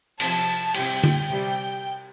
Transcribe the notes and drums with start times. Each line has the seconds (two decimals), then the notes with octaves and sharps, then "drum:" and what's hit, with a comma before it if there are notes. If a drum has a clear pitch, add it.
0.20 C3 F3 A5, drum: cymbal
0.74 C3 G3 G5, drum: cymbal
1.04 drum: tom D3
1.29 C3 G3